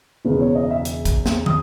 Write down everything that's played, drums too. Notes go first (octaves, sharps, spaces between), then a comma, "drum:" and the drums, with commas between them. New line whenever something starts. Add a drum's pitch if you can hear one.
E1 E2 C#3 E3 B4
C#5
D#5
E5
drum: hi-hat
drum: kick, hi-hat
drum: snare
D#6, drum: tom